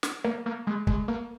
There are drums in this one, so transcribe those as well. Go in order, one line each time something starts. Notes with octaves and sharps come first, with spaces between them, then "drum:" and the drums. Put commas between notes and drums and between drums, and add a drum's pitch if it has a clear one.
drum: snare
A#3
A#3
G#3
G#3, drum: kick
A#3